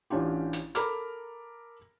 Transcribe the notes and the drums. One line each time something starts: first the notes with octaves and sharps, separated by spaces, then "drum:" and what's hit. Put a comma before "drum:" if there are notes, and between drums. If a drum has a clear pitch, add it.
A1 C#4 D4 F4 G4
drum: hi-hat
A4 A#4 A#5 B5 D6 F6, drum: hi-hat